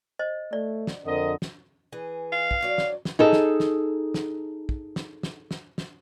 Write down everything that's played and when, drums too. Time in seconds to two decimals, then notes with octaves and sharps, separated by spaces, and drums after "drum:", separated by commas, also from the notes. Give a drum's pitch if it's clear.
0.19 C5 D#5
0.53 A3 D5
0.87 drum: snare
1.06 F2 D3 C4 A#4 D#5
1.42 drum: snare
1.92 E3 G#4
2.32 F5
2.51 drum: kick
2.61 F#2 F#3 D5
2.78 drum: snare
3.05 drum: snare
3.19 D#4 G#4 A4
3.33 drum: snare
3.60 drum: snare
4.14 drum: snare
4.69 drum: kick
4.96 drum: snare
5.23 drum: snare
5.51 drum: snare
5.78 drum: snare